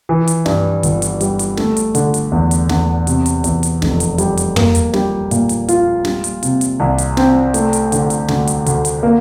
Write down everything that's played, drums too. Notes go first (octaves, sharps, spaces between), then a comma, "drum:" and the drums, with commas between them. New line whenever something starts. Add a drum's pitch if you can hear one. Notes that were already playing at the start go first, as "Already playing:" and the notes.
E3
drum: hi-hat
G2, drum: snare
G1, drum: hi-hat
drum: hi-hat
G3, drum: hi-hat
drum: hi-hat
A3, drum: snare
drum: hi-hat
D3, drum: hi-hat
drum: hi-hat
E2
drum: hi-hat
E2, drum: snare
C3, drum: hi-hat
drum: hi-hat
E2, drum: hi-hat
drum: hi-hat
F1, drum: snare
drum: hi-hat
G3, drum: hi-hat
drum: hi-hat
A#3, drum: tom
drum: hi-hat
G3, drum: snare
A#2, drum: hi-hat
drum: hi-hat
F4, drum: hi-hat
G3, drum: snare
drum: hi-hat
C3, drum: hi-hat
drum: hi-hat
C2
drum: hi-hat
C4, drum: snare
A3, drum: hi-hat
drum: hi-hat
D3, drum: hi-hat
drum: hi-hat
D2, drum: snare
drum: hi-hat
D2, drum: hi-hat
drum: hi-hat
A#3